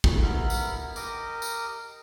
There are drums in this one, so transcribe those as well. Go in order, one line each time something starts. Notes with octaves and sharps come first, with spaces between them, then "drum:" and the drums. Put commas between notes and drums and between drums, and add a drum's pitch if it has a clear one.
drum: kick
B3 E4 A#4 B5
drum: tambourine
G4 A#4 D#5 D6, drum: tambourine
drum: tambourine